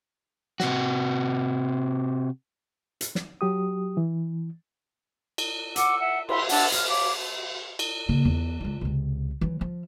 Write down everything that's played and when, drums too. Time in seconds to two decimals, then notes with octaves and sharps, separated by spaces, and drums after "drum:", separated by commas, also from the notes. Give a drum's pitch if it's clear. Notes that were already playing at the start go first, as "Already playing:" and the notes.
0.60 C3 F#4, drum: snare
3.01 drum: hi-hat
3.15 drum: snare
3.41 F#3 G4 D#6
3.97 E3
5.38 drum: cymbal
5.76 F#5 D6 E6, drum: hi-hat
5.98 E5 F#5
6.29 E4 E5 C6, drum: cymbal
6.49 D4 E5 F#5 A5, drum: open hi-hat
6.72 F6, drum: hi-hat
6.88 C#5 F5 D6
7.79 drum: cymbal
8.09 C#3 A#3
8.25 E2
8.60 C#2 F4
8.81 C#2 C3
9.41 E3 F#3
9.61 F3